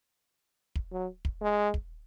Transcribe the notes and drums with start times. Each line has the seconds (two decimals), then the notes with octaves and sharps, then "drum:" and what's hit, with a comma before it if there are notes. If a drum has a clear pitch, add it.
0.75 drum: kick
0.92 F#3
1.25 drum: kick
1.41 G#3
1.74 drum: kick